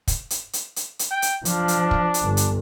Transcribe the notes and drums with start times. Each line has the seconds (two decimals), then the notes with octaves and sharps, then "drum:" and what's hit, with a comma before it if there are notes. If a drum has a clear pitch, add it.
0.08 drum: kick, hi-hat
0.30 drum: hi-hat
0.53 drum: hi-hat
0.76 drum: hi-hat
0.99 drum: hi-hat
1.11 G5
1.22 drum: hi-hat
1.45 F3 D4, drum: hi-hat
1.68 drum: hi-hat
1.91 drum: kick
2.14 drum: hi-hat
2.23 G1
2.37 drum: hi-hat